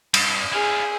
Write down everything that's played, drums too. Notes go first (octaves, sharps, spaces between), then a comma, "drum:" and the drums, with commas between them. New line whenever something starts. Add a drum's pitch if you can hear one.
G2, drum: cymbal
E4 G#4 F5